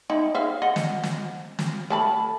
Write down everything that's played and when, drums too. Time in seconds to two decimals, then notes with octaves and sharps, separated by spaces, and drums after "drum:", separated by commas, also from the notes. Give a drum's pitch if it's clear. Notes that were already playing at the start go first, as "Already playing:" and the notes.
0.10 D#4 E4
0.35 G#4 E5 F5
0.62 D#5 F#5
0.76 drum: snare
1.03 drum: snare
1.59 drum: snare
1.90 A3 A5 B5